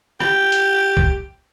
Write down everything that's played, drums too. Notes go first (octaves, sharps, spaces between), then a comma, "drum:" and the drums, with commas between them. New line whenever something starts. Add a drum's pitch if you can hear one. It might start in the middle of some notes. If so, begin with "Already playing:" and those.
G4, drum: rim click
drum: hi-hat
drum: kick